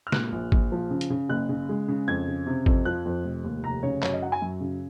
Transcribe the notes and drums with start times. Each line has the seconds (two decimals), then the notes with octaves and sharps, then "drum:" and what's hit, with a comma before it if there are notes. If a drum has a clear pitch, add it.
0.07 F6
0.12 A#2 F#6, drum: snare
0.32 A#1
0.52 A#1, drum: kick G#1
0.72 F3
0.90 C#3
1.01 drum: hi-hat
1.10 C#3
1.29 F#1 F#6
1.49 C#3
1.69 G#3
1.88 C#3
2.08 F2 G#6
2.27 C#3
2.47 C3
2.66 F2, drum: kick G#1
2.85 F3 F#6
3.05 F2
3.25 F1
3.44 D#2
3.64 F1 A#5
3.83 C#3 C#5
4.02 F#2 C#5, drum: clap
4.13 D#5
4.22 F#3 F#5
4.32 G#5
4.42 F#2
4.61 C#3